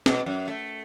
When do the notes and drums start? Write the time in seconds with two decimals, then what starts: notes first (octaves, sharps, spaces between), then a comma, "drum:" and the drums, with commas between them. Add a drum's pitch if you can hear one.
0.06 B2, drum: snare
0.26 F#2
0.48 A3